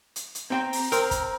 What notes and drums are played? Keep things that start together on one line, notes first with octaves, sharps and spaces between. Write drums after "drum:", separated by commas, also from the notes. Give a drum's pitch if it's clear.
drum: hi-hat
drum: hi-hat
C4 G5 A#5 C6
drum: open hi-hat
C4 A#4 C6 D#6, drum: hi-hat
drum: kick, hi-hat